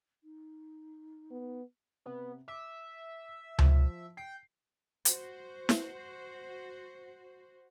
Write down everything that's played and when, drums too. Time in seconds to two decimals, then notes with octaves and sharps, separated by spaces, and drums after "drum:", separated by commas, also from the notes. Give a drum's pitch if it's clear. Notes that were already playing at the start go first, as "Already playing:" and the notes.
0.24 D#4
1.31 B3
2.06 C3 B3
2.48 E5 D6
3.59 F3, drum: tom C#2
4.17 G5 C7
5.05 F#4 C5, drum: hi-hat
5.69 drum: snare